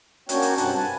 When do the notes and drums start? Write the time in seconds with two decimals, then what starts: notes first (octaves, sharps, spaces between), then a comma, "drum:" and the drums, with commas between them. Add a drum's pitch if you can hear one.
0.29 A#3 C#4 D4 F#4 C#5 G5, drum: hi-hat
0.42 drum: hi-hat
0.58 G2 C3 C4 F#5 A5, drum: hi-hat
0.75 B4 G#5 A5